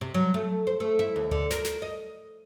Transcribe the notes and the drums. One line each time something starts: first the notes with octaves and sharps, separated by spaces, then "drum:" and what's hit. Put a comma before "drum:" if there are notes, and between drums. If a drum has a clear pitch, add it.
C3
F#3
A3
C5
A3
E4
D#2
D3, drum: tom D2
A#4, drum: snare
drum: snare
D#5